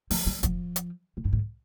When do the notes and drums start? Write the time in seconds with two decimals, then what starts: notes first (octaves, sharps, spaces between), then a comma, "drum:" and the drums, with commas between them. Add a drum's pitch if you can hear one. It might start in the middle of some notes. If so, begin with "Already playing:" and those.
0.10 F3, drum: open hi-hat
0.27 G3
0.43 F3, drum: kick, hi-hat
0.76 drum: hi-hat
1.17 B2
1.25 G2
1.33 G#2